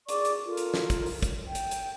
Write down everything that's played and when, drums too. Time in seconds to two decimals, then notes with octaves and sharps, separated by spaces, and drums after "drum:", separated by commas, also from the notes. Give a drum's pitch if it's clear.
0.09 G#4 D5 C#6 D6, drum: hi-hat
0.25 drum: hi-hat
0.46 F4 A4 A#4
0.57 drum: hi-hat
0.74 drum: snare
0.90 drum: kick, hi-hat
1.06 drum: open hi-hat
1.22 drum: kick, hi-hat
1.46 G5
1.55 drum: hi-hat
1.71 drum: hi-hat